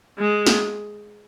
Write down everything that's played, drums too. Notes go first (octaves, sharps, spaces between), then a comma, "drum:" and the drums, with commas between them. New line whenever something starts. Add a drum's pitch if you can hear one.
G#3
drum: snare